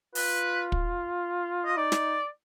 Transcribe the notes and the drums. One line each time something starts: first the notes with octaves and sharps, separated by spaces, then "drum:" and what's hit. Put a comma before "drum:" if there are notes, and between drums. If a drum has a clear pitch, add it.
F4 B4, drum: open hi-hat
drum: kick
D#5
D#4 D5
drum: snare